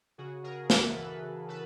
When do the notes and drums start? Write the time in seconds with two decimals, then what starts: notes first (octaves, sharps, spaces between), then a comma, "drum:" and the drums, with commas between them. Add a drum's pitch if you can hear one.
0.18 C#3 F#4 G#4
0.44 C#3 G#4 A#4
0.70 E3 A4 B4, drum: snare
0.96 E3 A4 B4
1.22 C#3
1.48 C#3 A4 B4